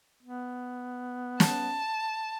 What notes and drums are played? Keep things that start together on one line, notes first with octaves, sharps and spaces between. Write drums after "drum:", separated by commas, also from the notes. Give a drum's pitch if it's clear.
B3
A5, drum: snare